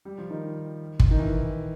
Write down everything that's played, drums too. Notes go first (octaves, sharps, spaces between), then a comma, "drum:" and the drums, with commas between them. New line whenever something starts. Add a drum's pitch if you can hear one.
G3
F3
D#3
drum: kick
D#3
E3